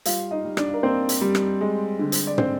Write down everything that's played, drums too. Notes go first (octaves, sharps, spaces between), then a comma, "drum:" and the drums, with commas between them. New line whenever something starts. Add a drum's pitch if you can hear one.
G3 F4 F5, drum: hi-hat
D#4 D#5
G3
D4 D5, drum: rim click
A#4
A#3 C4 C5
drum: hi-hat
G3
drum: rim click
G#3
D3
drum: hi-hat
D5
D3 C4 C5, drum: tom